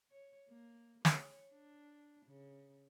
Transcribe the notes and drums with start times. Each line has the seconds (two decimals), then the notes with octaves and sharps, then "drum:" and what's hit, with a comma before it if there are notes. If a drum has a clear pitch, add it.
0.11 C#5
0.49 A#3
1.05 C#5, drum: snare
1.52 D4
2.26 C#3